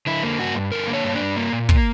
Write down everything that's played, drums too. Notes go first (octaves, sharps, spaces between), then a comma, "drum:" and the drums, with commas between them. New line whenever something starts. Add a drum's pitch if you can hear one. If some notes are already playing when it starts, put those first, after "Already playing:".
D3 E4
A#3
G2 F#4
G2
D3 A#4
A#3
C#5
G2
D4
G2
A#3
A#2
A#3, drum: kick